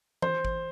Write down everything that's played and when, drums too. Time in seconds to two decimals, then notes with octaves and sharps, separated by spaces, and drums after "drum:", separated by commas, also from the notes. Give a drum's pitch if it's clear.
0.22 C5, drum: tom E3
0.45 drum: kick G#1